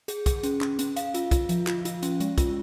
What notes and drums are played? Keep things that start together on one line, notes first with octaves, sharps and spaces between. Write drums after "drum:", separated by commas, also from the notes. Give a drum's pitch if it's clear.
G#4, drum: hi-hat
G#4, drum: kick, hi-hat
C#4, drum: hi-hat
C#4, drum: clap
C#4, drum: hi-hat
F5, drum: hi-hat
F4, drum: hi-hat
F4, drum: kick, hi-hat
F3, drum: hi-hat
F4, drum: clap
F4, drum: hi-hat
C#4, drum: hi-hat
G#3, drum: hi-hat
F4, drum: kick, hi-hat